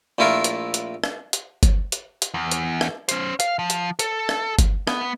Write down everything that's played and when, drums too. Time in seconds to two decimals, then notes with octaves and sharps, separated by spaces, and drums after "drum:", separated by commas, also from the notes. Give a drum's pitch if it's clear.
0.18 A#1 A3 E4 F4 A#4
0.44 drum: hi-hat
0.74 drum: hi-hat
1.04 drum: rim click
1.33 drum: hi-hat
1.63 drum: kick G1, hi-hat
1.92 drum: hi-hat
2.22 drum: hi-hat
2.34 E2
2.51 drum: hi-hat
2.81 drum: rim click
3.09 C#4 C5, drum: hi-hat
3.40 F5, drum: hi-hat
3.59 F3
3.70 drum: hi-hat
3.99 A4, drum: hi-hat
4.29 drum: rim click
4.59 drum: kick G1, hi-hat
4.87 B3, drum: rim click